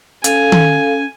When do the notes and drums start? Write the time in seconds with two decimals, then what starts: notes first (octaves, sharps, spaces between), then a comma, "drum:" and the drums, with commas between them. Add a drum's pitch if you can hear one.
0.24 C#4 A4 F5 G#5, drum: hi-hat
0.52 drum: tom D#3